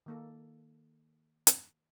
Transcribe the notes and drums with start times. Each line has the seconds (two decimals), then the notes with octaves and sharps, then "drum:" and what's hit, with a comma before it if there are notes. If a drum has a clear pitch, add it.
0.06 D#3 A#3 A4
1.47 drum: hi-hat